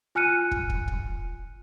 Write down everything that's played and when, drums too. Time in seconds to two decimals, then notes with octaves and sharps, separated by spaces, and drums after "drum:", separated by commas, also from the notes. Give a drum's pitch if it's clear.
0.15 F4 G#5 F6 F#6 C#7 D#7
0.51 drum: kick
0.70 drum: kick
0.88 drum: kick